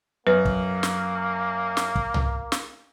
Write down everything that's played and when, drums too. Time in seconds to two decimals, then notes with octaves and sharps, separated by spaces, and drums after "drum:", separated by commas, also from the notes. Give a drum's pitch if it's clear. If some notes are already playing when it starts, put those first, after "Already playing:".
0.27 F#2 A#3 B4
0.45 drum: kick
0.83 drum: snare
1.77 drum: snare
1.95 drum: kick
2.14 drum: tom C2
2.52 drum: snare